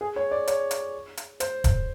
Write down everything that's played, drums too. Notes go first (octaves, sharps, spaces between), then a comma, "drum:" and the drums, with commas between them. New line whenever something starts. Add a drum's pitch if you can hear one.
G#4
C#5
D5
C#5, drum: hi-hat
drum: hi-hat
drum: hi-hat
C5, drum: hi-hat
drum: kick, hi-hat